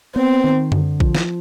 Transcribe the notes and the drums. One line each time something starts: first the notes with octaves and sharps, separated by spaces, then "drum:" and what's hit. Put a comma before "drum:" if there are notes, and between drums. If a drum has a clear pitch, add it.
B3 C4
D#3
D3, drum: tom F#2
F3, drum: kick A#1
drum: snare